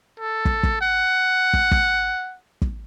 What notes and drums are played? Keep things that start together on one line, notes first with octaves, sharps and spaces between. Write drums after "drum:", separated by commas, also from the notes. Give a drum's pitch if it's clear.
A4
drum: kick
drum: kick
F#5
drum: kick
drum: kick
drum: kick